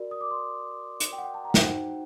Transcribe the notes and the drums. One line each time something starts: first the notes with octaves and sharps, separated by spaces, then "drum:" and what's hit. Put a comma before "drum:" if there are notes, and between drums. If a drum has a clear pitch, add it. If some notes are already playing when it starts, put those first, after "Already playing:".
Already playing: F#4 A#4 D5
D#6
D6
C6
drum: hi-hat
G5
F#5
G5
A5
A#5
F#5
D#4 F#4 C5 G5, drum: snare
F#5